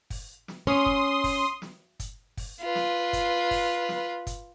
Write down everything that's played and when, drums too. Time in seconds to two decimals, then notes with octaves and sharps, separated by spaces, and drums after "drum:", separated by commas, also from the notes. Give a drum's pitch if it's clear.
0.10 drum: kick, open hi-hat
0.48 drum: snare
0.67 C#4 C6 D#6
0.86 drum: kick
1.24 drum: kick, open hi-hat
1.62 drum: snare
2.00 drum: kick, hi-hat
2.37 drum: kick, open hi-hat
2.62 F4 B4
2.75 drum: snare
3.13 drum: kick, hi-hat
3.51 drum: kick, open hi-hat
3.89 drum: snare
4.27 drum: kick, hi-hat